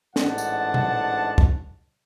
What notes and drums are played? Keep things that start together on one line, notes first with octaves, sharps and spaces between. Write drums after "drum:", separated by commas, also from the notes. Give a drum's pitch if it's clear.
A1 G#2 D4 F#5 A5, drum: snare
drum: tambourine
drum: tom A#2
drum: kick